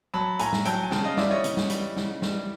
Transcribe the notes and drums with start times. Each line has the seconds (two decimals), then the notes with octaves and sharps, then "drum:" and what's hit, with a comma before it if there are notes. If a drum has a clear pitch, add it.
0.14 F#3 A5 B5
0.39 A2 G#5 A#5, drum: hi-hat
0.53 drum: snare G3
0.65 F#3 G5 A5, drum: hi-hat
0.83 G#5
0.91 C#3 G5 A5, drum: snare G3
1.04 D#5 F5
1.17 E3 G3 D5 E5, drum: snare G3
1.31 C#5 D#5
1.44 C#3, drum: hi-hat
1.57 drum: snare G3
1.70 E3 G3, drum: hi-hat
1.96 C#3, drum: snare G3
2.22 E3 G3, drum: snare G3